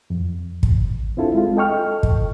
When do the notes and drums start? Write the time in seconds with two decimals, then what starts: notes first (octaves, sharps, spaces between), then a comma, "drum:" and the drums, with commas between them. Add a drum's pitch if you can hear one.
0.10 F2
0.63 drum: kick
1.17 C4 D4 E4 F4 A4
1.35 G#3 F4
1.57 A4 D#5 G5 C#6 F6
2.03 drum: kick